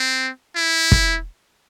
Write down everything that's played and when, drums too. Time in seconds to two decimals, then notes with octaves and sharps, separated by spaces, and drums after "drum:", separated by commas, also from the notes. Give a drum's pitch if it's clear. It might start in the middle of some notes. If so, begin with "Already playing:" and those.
Already playing: C4
0.56 E4
0.92 drum: kick